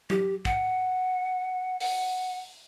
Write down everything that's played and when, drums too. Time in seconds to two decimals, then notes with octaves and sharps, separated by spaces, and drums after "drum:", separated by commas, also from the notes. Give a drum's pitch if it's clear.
0.10 G4, drum: tom F#3
0.45 F#5, drum: kick
1.80 F#5, drum: open hi-hat